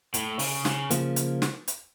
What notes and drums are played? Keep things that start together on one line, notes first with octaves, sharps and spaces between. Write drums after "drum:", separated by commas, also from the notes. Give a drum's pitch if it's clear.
A2, drum: hi-hat
C#3, drum: open hi-hat
C#3, drum: snare
C#3 F3 A#3, drum: hi-hat
drum: hi-hat
drum: snare
drum: hi-hat